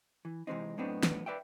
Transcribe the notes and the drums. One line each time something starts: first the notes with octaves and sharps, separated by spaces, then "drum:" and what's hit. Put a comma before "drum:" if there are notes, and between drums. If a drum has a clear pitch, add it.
E3
C3 E3 G#3 C4 D#4
F#2 A2 B3 C4 D4 D#4
drum: snare
B4 D5 E5 G5